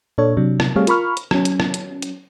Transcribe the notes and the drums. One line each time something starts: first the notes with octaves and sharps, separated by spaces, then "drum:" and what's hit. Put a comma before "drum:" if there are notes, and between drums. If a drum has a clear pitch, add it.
A#2 D4 A4 C#5
C3 F#3 D4
drum: rim click
G3 A3 C4 G#4 C#5 F5
F4 A#4 B5 C#6 F6, drum: hi-hat
drum: hi-hat
F#3 C#4, drum: rim click
drum: hi-hat
drum: rim click
drum: hi-hat
drum: hi-hat